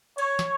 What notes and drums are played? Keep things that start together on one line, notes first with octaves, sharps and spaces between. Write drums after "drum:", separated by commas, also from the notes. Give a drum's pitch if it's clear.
C#5, drum: cymbal
drum: snare